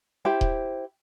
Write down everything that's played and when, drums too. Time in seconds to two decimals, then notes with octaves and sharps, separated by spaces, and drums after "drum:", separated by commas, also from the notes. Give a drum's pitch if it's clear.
0.25 E4 G4 C5 G5
0.41 drum: kick D#1